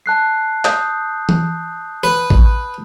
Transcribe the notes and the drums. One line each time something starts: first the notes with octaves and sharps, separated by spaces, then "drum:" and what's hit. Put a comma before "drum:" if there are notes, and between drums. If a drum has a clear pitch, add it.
A5 F#6 C7
D#6 G6, drum: clap
drum: tom E3
B4
drum: kick A1